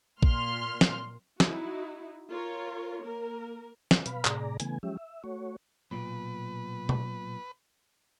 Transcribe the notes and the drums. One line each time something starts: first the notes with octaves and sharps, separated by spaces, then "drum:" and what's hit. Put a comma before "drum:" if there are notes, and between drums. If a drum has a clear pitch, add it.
A#2 C6 F6, drum: kick A#1
drum: snare
D#4 E4 F#4, drum: snare
F4 A#4 C#5
A#3 A#4
drum: snare
B2 B4 F5 B5, drum: hi-hat
A2 C3 G#4 D5 A#5, drum: clap
C#3 E3 A3 B3 G#5, drum: hi-hat
F3 F#3 G#3 C#4 G4 E5
E5
A3 F#4 C#5
B1 A#2 B4
drum: tom B2